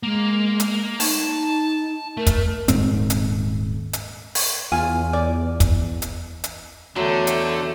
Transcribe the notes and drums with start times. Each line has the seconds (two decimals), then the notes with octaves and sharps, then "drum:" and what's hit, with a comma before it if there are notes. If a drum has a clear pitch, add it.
0.03 G#3 A#3
0.60 drum: hi-hat
1.00 D#4 A5, drum: open hi-hat
2.17 A3 A#4
2.26 drum: kick, hi-hat
2.68 D#1 G#2 C4, drum: hi-hat
3.10 drum: hi-hat
3.93 drum: hi-hat
4.35 drum: open hi-hat
4.72 E2 F4 G#5
5.13 D5
5.60 drum: kick, hi-hat
6.02 drum: hi-hat
6.44 drum: hi-hat
6.96 E2 D3 F#3 A3 G5
7.27 drum: hi-hat